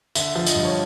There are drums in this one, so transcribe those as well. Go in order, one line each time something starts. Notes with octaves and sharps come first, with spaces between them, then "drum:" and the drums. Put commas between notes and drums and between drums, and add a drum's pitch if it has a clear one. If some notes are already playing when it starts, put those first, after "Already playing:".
D3 E5, drum: tambourine
F3
D#5, drum: tambourine
G2
C#5